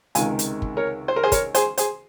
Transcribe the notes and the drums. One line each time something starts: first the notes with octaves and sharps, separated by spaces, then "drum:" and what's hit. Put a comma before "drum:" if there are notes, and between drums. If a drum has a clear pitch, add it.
C#2 C3 D#3 G#3 F5 G#5, drum: hi-hat
drum: hi-hat
drum: kick
A#4 C#5
C5
A#4
G#4 C5
A#4 C#5, drum: kick, hi-hat
G#4 C5, drum: hi-hat
G#4 C5, drum: hi-hat